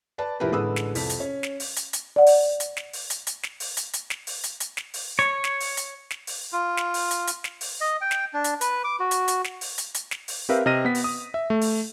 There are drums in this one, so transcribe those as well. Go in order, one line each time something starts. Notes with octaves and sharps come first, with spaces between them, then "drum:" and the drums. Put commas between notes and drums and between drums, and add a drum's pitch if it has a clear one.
B4 D5 A5
F1 F3 E4 G4 A#4 B4
A1 D3 G#3 B4 D#6 E6
drum: snare
C2 F2 B6, drum: open hi-hat
drum: hi-hat
C#4
drum: snare
drum: open hi-hat
drum: hi-hat
drum: hi-hat
D5 F#5
drum: open hi-hat
drum: hi-hat
drum: snare
drum: open hi-hat
drum: hi-hat
drum: hi-hat
drum: snare
drum: open hi-hat
drum: hi-hat
drum: hi-hat
drum: snare
drum: open hi-hat
drum: hi-hat
drum: hi-hat
drum: snare
drum: open hi-hat
C#5
drum: snare
drum: open hi-hat
drum: hi-hat
drum: snare
drum: open hi-hat
F4
drum: snare
drum: open hi-hat
drum: hi-hat
drum: hi-hat
drum: snare
drum: open hi-hat
D#5
G5
drum: snare
D4
drum: hi-hat
B4, drum: hi-hat
D6
F#4
drum: hi-hat
drum: hi-hat
drum: snare
drum: open hi-hat
drum: hi-hat
drum: hi-hat
drum: snare
drum: open hi-hat
C4 G4 A#4 B4 E5 F5
C3 D#5 F6 A#6 D#7
B3 B6
drum: open hi-hat
D#6
E5
A3
drum: open hi-hat